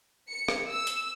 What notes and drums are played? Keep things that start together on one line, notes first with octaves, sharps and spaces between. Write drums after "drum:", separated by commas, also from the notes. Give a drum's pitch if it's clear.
C#7
drum: rim click
E6
drum: hi-hat